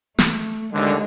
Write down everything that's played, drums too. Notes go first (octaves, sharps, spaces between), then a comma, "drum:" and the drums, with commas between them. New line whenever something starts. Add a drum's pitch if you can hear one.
A3, drum: snare
A1 D#2 D3 G#3